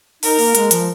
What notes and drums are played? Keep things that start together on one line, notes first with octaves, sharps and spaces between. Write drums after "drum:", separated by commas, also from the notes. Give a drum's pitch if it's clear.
D#4 A#4, drum: open hi-hat
A#3, drum: open hi-hat
G#3, drum: hi-hat
F3, drum: hi-hat